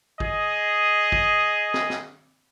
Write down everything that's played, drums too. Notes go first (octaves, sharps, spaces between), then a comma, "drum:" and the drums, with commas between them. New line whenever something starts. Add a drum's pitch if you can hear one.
G#4 D#5, drum: kick
drum: kick
drum: snare
drum: snare